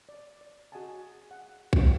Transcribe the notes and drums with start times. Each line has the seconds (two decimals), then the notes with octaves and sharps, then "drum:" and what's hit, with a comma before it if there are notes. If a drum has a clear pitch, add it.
0.09 D5
0.41 D5
0.72 F#4 G#4 D#5 F#5 G#5 A5
1.31 F#5
1.73 drum: kick